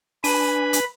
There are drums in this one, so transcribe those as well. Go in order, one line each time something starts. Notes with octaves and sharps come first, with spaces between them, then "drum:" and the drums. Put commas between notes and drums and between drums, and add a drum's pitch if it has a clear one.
D4 B4 G#5 B5, drum: open hi-hat
drum: hi-hat